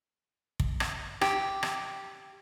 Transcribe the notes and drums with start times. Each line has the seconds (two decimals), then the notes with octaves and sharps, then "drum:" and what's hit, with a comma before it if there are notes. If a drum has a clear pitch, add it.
0.60 drum: kick
0.80 drum: rim click
1.21 G4, drum: rim click
1.63 drum: rim click